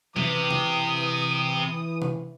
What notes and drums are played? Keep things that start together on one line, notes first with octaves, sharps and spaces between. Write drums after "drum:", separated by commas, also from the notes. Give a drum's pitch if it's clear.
C3 E3 D#6, drum: tom F3
drum: tom C3
drum: tom C3